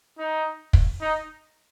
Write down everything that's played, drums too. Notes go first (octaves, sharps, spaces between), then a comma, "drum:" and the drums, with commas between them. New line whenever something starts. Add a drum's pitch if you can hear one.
D#4
drum: kick
D#4